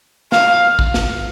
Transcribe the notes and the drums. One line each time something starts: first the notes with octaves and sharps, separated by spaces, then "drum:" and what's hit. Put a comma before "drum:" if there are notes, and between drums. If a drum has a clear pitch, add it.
F5, drum: snare
drum: kick A1
drum: snare